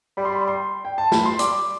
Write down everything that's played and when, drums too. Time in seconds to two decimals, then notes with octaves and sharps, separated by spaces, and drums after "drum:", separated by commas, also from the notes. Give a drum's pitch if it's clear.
0.17 G3 B5
0.25 C6
0.33 B5
0.48 C6
0.85 G5
0.98 A5
1.12 B5, drum: snare
1.26 C6
1.39 G3 D6, drum: hi-hat